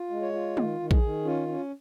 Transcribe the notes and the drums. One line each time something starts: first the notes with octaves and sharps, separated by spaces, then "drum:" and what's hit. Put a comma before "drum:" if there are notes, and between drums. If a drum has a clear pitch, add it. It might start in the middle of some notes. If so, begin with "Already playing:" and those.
Already playing: F4
G#3
C#5
F4
D#3, drum: tom G#3
D#3
G#4, drum: kick A#1
D#3
C#4 F4
C#4